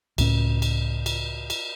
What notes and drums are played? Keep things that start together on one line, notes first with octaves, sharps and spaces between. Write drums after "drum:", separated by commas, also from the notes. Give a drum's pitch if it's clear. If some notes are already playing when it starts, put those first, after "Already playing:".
C#2 A2 C#4, drum: cymbal
drum: cymbal
drum: cymbal
drum: cymbal